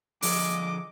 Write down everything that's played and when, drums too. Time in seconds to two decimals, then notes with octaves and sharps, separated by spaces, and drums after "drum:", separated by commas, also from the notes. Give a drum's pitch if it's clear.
0.22 D3 F3 G#4 D#5 D6, drum: open hi-hat